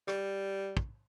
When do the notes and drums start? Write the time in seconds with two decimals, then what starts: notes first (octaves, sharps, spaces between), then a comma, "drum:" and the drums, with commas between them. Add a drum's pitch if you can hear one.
0.08 G3, drum: rim click
0.77 drum: kick